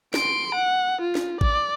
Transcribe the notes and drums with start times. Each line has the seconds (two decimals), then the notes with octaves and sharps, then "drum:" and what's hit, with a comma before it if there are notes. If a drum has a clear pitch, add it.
0.14 C6 D7, drum: snare
0.55 F#5
1.02 F4
1.15 drum: snare
1.41 D5, drum: kick